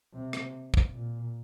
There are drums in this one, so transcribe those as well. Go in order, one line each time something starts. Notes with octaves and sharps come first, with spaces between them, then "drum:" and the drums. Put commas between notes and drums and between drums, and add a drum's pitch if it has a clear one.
C3
drum: rim click
drum: kick
A#2